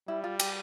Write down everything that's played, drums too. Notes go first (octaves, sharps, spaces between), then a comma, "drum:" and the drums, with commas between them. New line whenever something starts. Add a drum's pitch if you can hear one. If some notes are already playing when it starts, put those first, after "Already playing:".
G3 E4
F4
G4, drum: cymbal